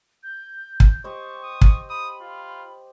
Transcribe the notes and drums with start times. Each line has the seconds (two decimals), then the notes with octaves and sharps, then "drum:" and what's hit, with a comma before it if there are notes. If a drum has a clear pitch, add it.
0.23 G6
0.80 drum: kick
1.04 G4 C5 D#5 C#6
1.43 D#6
1.61 drum: kick
1.90 B5 D#6
2.21 F4